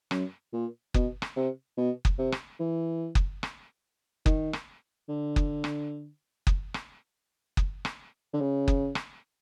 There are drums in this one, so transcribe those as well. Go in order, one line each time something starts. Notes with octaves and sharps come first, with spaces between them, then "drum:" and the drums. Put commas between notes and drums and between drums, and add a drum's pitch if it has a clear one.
F#2, drum: rim click
A#2
B2, drum: kick F#1
drum: rim click
C3
B2
drum: kick F#1
C3
drum: rim click
E3
drum: kick F#1
drum: rim click
D#3, drum: kick F#1
drum: rim click
D3
drum: kick F#1
drum: rim click
drum: kick F#1
drum: rim click
drum: kick F#1
drum: rim click
D3
C#3
drum: kick F#1
drum: rim click